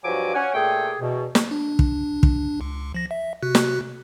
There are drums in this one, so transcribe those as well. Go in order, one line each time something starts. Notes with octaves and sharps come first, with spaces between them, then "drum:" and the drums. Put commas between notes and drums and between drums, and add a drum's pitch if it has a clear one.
G2 F3 F#3 F#4 G#5 D6
C#4 F#5 G#5
A#2 A3 G4 G#4 G5
E2 B2
drum: snare
D4
drum: kick
drum: kick
C#2
F3 A#6
E5
C3 F#4 F#6
drum: snare